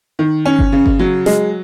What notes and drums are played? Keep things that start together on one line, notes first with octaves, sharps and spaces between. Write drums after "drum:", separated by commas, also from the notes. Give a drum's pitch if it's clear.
D#3
C#4
drum: kick G1
C#3
drum: kick G1
F#3
G#3, drum: snare